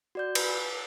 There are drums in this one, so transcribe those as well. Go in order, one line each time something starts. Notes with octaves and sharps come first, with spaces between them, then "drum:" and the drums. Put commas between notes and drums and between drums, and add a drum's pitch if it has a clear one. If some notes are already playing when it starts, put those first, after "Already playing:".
F#4 D5 G6
B4, drum: cymbal